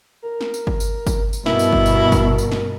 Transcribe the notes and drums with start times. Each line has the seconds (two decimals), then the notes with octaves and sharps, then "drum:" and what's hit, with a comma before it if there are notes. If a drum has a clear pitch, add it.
0.22 A#4
0.41 drum: snare
0.54 drum: tambourine
0.67 drum: kick G1
0.80 drum: tambourine
1.07 drum: kick G1, tambourine
1.33 drum: tambourine
1.46 G2 B2 E4 A#4, drum: snare
1.59 drum: tambourine
1.72 drum: kick G1
1.86 drum: tambourine
2.12 drum: kick G1, tambourine
2.38 drum: tambourine
2.52 drum: snare